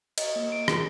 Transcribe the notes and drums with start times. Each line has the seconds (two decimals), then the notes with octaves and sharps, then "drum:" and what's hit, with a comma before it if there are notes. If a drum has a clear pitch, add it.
0.18 D#5, drum: cymbal
0.36 A#3
0.52 D7
0.68 G#4, drum: rim click